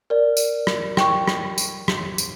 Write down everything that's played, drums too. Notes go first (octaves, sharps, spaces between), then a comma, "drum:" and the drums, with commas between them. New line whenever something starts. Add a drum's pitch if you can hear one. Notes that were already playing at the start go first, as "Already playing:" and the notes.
A#4 D5
drum: tambourine
drum: rim click
G5 C#6, drum: rim click
drum: rim click
drum: tambourine
drum: rim click
drum: tambourine